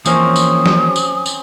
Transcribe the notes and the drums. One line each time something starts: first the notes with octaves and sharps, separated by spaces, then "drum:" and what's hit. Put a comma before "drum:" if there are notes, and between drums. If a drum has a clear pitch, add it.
E3 F3 A#3 C4 C#4 C5 D#6, drum: tambourine
drum: tambourine
drum: snare
drum: tambourine
drum: tambourine